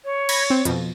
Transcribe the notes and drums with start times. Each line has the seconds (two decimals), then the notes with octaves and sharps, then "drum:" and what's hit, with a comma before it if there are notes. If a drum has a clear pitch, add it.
0.05 C#5
0.29 B5 G#6 A#6, drum: cymbal
0.50 C4
0.65 F2 B2, drum: hi-hat